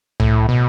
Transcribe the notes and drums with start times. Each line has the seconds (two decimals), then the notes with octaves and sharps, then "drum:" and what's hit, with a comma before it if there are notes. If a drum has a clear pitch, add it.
0.20 A2, drum: tom C2
0.49 B2